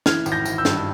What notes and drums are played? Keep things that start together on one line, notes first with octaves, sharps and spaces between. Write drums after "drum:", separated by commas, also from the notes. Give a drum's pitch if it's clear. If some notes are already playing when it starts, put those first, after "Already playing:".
E3 F6 G#6, drum: snare
G#1, drum: tambourine
G6 A#6
G#1, drum: tambourine
E6 G6
G2, drum: snare